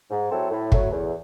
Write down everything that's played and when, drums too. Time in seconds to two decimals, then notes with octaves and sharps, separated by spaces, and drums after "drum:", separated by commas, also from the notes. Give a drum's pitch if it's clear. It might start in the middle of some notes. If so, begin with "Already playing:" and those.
0.11 G#2
0.31 F#3 C4 E4 A4
0.51 A2
0.72 F#3 A3, drum: kick
0.92 E2